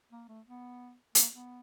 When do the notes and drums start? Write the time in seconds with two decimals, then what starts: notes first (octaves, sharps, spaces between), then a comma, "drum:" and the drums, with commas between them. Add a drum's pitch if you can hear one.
0.11 A#3
0.28 A3
0.47 B3
1.15 A#3, drum: hi-hat
1.33 B3